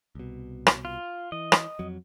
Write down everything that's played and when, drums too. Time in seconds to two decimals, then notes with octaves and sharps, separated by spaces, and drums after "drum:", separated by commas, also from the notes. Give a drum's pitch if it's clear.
0.15 C2 B2
0.67 drum: rim click
0.85 F4
1.32 E3 D#5
1.52 drum: rim click
1.79 F2 F#3